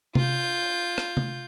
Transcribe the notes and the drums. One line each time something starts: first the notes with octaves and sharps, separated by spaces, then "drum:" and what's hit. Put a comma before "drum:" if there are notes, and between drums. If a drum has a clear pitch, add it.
F4 G6, drum: tom C3
drum: rim click
drum: tom C3